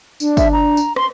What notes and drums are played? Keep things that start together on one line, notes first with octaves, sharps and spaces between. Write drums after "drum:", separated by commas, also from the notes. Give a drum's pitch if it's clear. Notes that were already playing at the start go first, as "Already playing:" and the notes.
D4, drum: tambourine
E5, drum: kick, tambourine
A#5
drum: tambourine
C6, drum: rim click